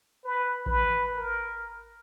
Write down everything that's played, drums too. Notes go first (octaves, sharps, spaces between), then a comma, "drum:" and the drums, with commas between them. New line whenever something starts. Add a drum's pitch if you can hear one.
B4
B4, drum: kick A1
A#4